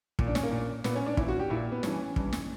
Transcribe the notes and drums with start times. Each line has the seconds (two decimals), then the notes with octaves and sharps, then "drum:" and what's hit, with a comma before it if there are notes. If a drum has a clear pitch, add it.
0.19 A#2, drum: kick
0.27 D4
0.35 C#4, drum: snare
0.43 A#3
0.52 A#2
0.84 A#2 B3, drum: snare
0.95 C#4
1.06 D4
1.17 A#2 E4, drum: kick
1.28 F#4
1.40 G4
1.50 A#2 E4
1.72 B3
1.83 G2 E3 C#4, drum: snare
2.16 G2 E3, drum: kick
2.33 drum: snare